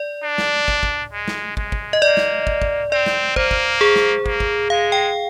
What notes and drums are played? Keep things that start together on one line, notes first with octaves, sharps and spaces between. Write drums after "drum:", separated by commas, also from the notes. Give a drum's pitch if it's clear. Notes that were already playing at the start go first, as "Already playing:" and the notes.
Already playing: D5
D4
drum: snare
drum: kick
drum: kick
G#3
drum: snare
G#3, drum: kick
drum: kick
D#5
A#3 D5
drum: snare
drum: kick
drum: kick
C4 D5
drum: snare
A#3 C5, drum: kick
drum: kick
G#4
drum: snare
A#3, drum: kick
drum: kick
G#3 F5
G5